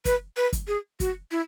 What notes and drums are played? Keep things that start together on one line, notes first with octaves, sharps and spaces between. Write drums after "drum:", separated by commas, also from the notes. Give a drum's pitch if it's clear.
B4, drum: kick, hi-hat
B4
drum: kick, hi-hat
G#4
F#4, drum: kick, hi-hat
E4